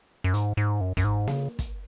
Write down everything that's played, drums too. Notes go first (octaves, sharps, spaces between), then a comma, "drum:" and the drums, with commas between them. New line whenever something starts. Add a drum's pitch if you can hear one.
F#2
G#2, drum: hi-hat
G#2
F#2
F#2, drum: kick, hi-hat
G#2
C#3, drum: snare A#3
drum: kick, hi-hat